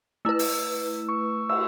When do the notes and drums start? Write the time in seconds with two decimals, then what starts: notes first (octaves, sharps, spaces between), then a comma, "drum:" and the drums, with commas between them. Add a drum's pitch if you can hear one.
0.25 A3 E4 B4 E6
0.39 drum: open hi-hat
1.08 C#6
1.49 E6, drum: cymbal